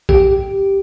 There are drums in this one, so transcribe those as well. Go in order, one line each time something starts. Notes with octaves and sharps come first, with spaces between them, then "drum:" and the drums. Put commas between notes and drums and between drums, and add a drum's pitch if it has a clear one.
G4, drum: kick